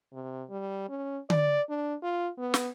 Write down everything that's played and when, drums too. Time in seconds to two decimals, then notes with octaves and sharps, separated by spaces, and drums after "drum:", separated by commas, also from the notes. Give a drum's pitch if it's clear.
0.13 C3
0.50 G3
0.89 C#4
1.30 D5, drum: tom D3
1.70 D4
2.03 F4
2.38 B3
2.54 drum: snare